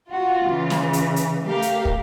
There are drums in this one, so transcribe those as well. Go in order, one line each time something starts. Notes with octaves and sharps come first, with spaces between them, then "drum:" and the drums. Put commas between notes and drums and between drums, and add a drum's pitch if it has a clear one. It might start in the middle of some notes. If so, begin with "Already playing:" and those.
F4 F#4
C#3 E3
drum: snare
drum: hi-hat
drum: hi-hat
A3 G4 A#4 F5
drum: hi-hat
drum: kick